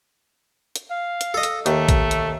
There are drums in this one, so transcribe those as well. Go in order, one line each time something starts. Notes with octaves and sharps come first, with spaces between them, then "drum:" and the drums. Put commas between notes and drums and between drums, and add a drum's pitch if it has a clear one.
drum: hi-hat
F5
drum: hi-hat
A4 D#5
drum: hi-hat
D#2 A3, drum: hi-hat
drum: kick, hi-hat
drum: hi-hat